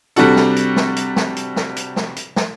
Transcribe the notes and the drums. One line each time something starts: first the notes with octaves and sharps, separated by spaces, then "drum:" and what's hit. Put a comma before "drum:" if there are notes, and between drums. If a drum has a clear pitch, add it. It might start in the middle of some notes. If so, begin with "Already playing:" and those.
C3 G3 D4 F#4 A4, drum: hi-hat
drum: snare
drum: hi-hat
drum: snare
drum: hi-hat
drum: snare
drum: hi-hat
drum: snare
drum: hi-hat
drum: snare
drum: hi-hat
drum: snare